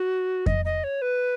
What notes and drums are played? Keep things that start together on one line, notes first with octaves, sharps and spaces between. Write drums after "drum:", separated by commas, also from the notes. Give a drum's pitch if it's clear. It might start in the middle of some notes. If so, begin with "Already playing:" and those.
Already playing: F#4
D#5, drum: kick F2
D#5
C#5
B4